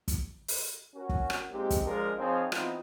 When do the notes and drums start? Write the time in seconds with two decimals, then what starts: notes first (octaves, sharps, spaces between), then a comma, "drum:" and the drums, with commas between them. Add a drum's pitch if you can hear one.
0.08 drum: kick, hi-hat
0.48 drum: open hi-hat
0.95 C#4 F#4 A#4
1.09 drum: kick
1.30 drum: rim click
1.51 A#2 G#3 C4 D#4 G4
1.70 drum: kick, hi-hat
1.84 F3 G#3 D4 F4 G#4 A#4
2.18 F3 C4 D#4 G#4 C#5 F5
2.52 E3 B3 C4 D#4 F4, drum: rim click